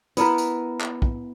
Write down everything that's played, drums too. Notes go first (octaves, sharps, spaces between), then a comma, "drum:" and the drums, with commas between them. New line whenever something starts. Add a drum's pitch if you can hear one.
B3 E4 A#4 B4, drum: tambourine
drum: tambourine
drum: clap
drum: kick